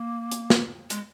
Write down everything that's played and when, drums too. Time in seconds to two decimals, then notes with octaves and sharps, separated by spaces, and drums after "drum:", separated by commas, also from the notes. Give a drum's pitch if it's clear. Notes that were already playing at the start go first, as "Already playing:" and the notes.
Already playing: A#3
0.31 drum: hi-hat
0.50 drum: snare
0.90 G#3, drum: hi-hat